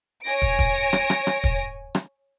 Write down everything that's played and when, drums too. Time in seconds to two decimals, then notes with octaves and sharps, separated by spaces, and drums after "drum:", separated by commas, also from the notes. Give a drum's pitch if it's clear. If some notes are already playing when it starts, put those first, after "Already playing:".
0.25 C#5 G#5 A#6 D7
0.42 drum: kick
0.59 drum: kick
0.93 drum: rim click
1.10 drum: rim click
1.27 drum: rim click
1.44 drum: kick
1.95 drum: rim click